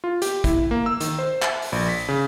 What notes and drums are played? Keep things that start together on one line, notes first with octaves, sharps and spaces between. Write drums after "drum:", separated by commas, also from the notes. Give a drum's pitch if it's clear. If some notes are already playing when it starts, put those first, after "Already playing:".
F4
G4, drum: hi-hat
E4, drum: kick, hi-hat
A#3
E6
D#3, drum: hi-hat
C5
E5, drum: clap
drum: open hi-hat
A#1
B6
C#3